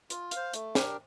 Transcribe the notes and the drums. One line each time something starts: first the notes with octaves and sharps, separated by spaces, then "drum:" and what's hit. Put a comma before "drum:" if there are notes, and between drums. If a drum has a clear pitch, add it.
F4, drum: hi-hat
F5, drum: hi-hat
C5
A3, drum: hi-hat
D4 G4 A#4, drum: snare